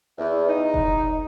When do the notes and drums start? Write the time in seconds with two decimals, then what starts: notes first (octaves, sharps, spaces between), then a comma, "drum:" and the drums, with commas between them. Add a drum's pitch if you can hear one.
0.18 E2
0.48 D#4
0.74 drum: kick F1